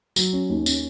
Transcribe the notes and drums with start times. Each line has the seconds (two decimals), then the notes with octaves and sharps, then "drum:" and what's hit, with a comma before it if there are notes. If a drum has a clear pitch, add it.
0.16 F#3, drum: tambourine
0.33 C#4
0.49 D#2
0.66 C#4, drum: tambourine